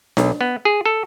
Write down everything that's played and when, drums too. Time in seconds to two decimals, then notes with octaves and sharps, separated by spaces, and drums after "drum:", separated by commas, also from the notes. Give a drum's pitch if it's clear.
0.17 B1, drum: snare D4
0.41 B3
0.65 G#4
0.86 A4